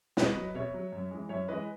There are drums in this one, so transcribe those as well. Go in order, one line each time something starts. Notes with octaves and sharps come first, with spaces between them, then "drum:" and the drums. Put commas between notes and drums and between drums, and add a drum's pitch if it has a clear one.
B2 B4 D#5, drum: snare
F#3
B2 C#5 E5
F#3
F#2
E3 G#3
F#2 C#5 E5
E3 G#3 B4 D#5